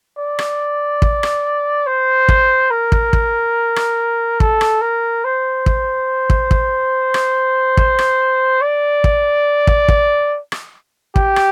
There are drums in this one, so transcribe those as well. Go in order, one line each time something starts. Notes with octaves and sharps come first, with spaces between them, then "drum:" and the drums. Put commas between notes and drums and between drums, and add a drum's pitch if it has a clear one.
D5
drum: rim click
drum: kick
drum: rim click
C5
drum: kick
A#4
drum: kick
drum: kick
drum: rim click
A4, drum: kick
drum: rim click
A#4
C5
drum: kick
drum: kick
drum: kick
drum: rim click
drum: kick
drum: rim click
D5
drum: kick
drum: kick
drum: kick
drum: rim click
G4, drum: kick
drum: rim click